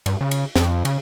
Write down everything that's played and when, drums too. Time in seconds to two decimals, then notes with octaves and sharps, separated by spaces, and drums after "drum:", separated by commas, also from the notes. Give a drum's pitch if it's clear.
0.06 G2, drum: cymbal
0.21 C#3
0.31 drum: cymbal
0.56 F2, drum: snare
0.85 C#3, drum: cymbal